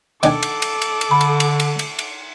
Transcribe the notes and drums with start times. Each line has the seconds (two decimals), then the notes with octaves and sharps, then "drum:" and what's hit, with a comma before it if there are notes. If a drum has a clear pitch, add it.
0.23 D#3 D4 A4 G#5 D6, drum: cymbal
0.43 drum: cymbal
0.62 drum: cymbal
0.82 drum: cymbal
1.01 drum: cymbal
1.11 D3 B5
1.21 drum: cymbal
1.40 drum: cymbal
1.60 drum: cymbal
1.79 drum: cymbal
1.99 drum: cymbal